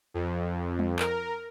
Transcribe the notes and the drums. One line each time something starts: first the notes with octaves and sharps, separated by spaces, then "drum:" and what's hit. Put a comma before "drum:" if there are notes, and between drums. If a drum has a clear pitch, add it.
F2
drum: tom G3
A#4, drum: clap